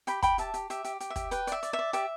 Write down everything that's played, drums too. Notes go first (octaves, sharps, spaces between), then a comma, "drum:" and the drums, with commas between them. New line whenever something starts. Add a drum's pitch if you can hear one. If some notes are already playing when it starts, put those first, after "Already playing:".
G4 G5 B5, drum: hi-hat
G4 G5 B5, drum: kick, hi-hat
G4 E5 A5, drum: hi-hat
G4, drum: hi-hat
G4 E5, drum: hi-hat
G4, drum: hi-hat
G4, drum: hi-hat
E5
G4, drum: kick, hi-hat
B4 G5, drum: hi-hat
D5 E5, drum: hi-hat
D5, drum: hi-hat
E5
D5
G4 E5, drum: hi-hat